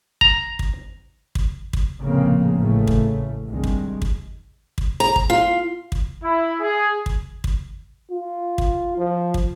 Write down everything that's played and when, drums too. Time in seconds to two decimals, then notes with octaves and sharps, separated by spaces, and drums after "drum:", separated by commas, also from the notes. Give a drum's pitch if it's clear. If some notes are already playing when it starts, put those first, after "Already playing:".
0.21 A#5, drum: kick
0.59 drum: kick
1.35 drum: kick
1.73 drum: kick
2.00 F1 A#1 A2 C#3 A#3 C4
2.56 A1 F#2 C#3 A3
2.87 drum: kick
3.49 C2 G2 D#3 G#3
3.64 drum: kick
4.02 drum: kick
4.78 drum: kick
5.00 A#5
5.16 drum: kick
5.30 F4
5.92 drum: kick
6.23 E4
6.60 G#4
7.06 drum: kick
7.44 drum: kick
8.11 F4
8.58 drum: kick
8.98 F3
9.34 drum: kick